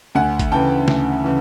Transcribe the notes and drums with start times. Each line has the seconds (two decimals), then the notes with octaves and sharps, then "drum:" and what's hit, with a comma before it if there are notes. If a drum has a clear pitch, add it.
0.15 D2 F#5 G#5
0.39 drum: kick, hi-hat
0.52 C#3 E3 G5 A5
0.88 D2, drum: snare
1.24 C#3 E3